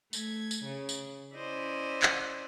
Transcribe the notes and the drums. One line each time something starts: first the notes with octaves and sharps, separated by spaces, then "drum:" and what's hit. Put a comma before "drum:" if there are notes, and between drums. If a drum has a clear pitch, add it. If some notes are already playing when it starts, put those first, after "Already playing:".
A3 G#6, drum: tambourine
drum: tambourine
C#3
drum: tambourine
C#4 E4 C5 D5 D#5
drum: clap